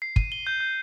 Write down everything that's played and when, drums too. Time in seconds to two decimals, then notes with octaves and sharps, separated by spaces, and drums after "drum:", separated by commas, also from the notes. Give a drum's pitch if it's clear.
0.02 C7
0.16 D#7, drum: kick
0.32 G7
0.47 G6
0.60 G6